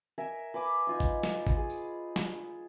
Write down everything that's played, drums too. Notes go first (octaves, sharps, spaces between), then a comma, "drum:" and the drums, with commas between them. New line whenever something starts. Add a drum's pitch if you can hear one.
A#4 E5 G#5
B4 G#5 D6
D#4 F4 G#5
drum: kick G#1
drum: snare
drum: kick G#1
G#4
drum: tambourine
drum: snare